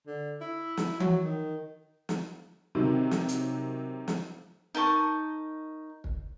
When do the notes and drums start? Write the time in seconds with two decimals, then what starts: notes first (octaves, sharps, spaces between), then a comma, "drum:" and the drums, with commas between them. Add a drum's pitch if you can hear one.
0.06 D3
0.41 E4
0.77 drum: snare
1.00 F#3, drum: tom E3
1.24 D#3
2.09 drum: snare
2.75 C3 D#3 F#3
3.11 drum: snare
3.28 drum: hi-hat
4.08 drum: snare
4.75 D#4 A#4 A5 C#6
6.04 drum: kick